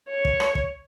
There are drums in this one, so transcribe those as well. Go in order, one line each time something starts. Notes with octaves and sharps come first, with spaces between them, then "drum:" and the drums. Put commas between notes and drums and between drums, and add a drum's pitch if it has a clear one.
C#5
drum: kick
drum: rim click
drum: kick